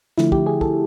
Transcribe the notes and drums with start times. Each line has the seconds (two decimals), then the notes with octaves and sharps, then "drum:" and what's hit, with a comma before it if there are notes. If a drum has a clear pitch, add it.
0.18 D3 F3 A3 E4, drum: snare
0.32 G4, drum: kick
0.46 G#4
0.61 A4, drum: kick